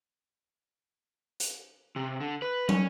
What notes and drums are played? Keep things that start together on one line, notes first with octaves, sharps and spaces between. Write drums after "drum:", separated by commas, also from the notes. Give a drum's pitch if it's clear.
drum: hi-hat
C3
D3
B4
C#4, drum: tom